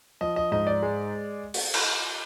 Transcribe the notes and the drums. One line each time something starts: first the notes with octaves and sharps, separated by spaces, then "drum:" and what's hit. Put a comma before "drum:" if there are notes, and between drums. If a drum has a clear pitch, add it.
F3 D#5
D#5
G#2 D#5
D5
G#3
drum: open hi-hat
drum: cymbal